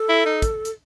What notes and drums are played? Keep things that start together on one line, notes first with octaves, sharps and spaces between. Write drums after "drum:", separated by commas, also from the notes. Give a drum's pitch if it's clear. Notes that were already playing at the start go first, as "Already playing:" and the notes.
Already playing: A4
E4
D#4
drum: kick, hi-hat
drum: hi-hat